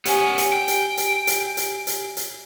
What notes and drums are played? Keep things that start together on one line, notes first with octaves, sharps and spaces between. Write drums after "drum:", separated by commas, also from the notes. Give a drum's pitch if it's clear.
B3 C#4 G4 G#5, drum: hi-hat
drum: hi-hat
G5
drum: hi-hat
drum: hi-hat
drum: hi-hat
drum: hi-hat
drum: hi-hat
drum: hi-hat